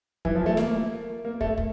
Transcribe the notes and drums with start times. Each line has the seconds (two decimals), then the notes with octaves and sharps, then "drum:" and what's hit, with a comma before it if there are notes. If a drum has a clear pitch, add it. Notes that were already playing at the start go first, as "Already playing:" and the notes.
0.25 E3, drum: kick
0.35 F3
0.46 A3
0.57 A#3, drum: snare
1.25 A#3
1.41 A3, drum: kick
1.58 drum: kick